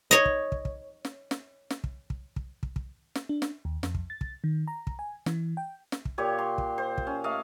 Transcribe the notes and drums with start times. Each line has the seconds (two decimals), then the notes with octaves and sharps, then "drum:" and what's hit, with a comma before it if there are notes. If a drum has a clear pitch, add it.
0.11 C#5 D#5
0.26 drum: kick
0.52 drum: kick
0.65 drum: kick
1.05 drum: snare
1.31 drum: snare
1.70 drum: snare
1.84 drum: kick
2.10 drum: kick
2.36 drum: kick
2.63 drum: kick
2.76 drum: kick
3.15 drum: snare
3.29 D4
3.42 drum: snare
3.65 D#2
3.83 F2, drum: snare
3.95 drum: kick
4.10 A6
4.21 drum: kick
4.44 D#3
4.68 A#5
4.87 drum: kick
4.99 G#5
5.26 E3, drum: snare
5.57 G5
5.92 drum: snare
6.05 drum: kick
6.18 A#2 G4 C#5
6.38 C6
6.58 drum: kick
6.78 C5
6.98 drum: kick
7.07 C#4
7.24 A3 D#5 F5